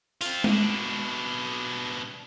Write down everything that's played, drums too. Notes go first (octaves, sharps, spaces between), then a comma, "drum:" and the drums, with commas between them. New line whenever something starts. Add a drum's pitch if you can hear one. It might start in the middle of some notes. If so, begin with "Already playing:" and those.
C4 F4, drum: open hi-hat
B2 D4, drum: tom G#3